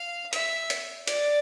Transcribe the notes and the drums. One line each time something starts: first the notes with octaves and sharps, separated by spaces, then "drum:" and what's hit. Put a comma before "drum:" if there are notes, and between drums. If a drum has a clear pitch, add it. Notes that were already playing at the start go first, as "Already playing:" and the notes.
Already playing: F5
E5, drum: hi-hat
drum: hi-hat
D5, drum: hi-hat